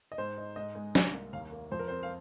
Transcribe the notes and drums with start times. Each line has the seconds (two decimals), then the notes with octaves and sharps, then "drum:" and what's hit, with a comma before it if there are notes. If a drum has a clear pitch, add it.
0.12 D#5
0.18 G#2 C5
0.38 D#4
0.56 G#2 D#5
0.75 G#3
0.95 C2, drum: snare
1.13 A#3
1.33 D#2 F5
1.51 A#3
1.71 F2 C5
1.79 A#4
1.88 C4 C5
2.03 F5